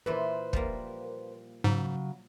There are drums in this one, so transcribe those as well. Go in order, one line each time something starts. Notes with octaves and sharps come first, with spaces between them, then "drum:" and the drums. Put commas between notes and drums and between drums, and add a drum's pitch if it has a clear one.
A#2 E3 E4 B4 C5
F3 G3 A#3, drum: kick
G#2 C#3 F#3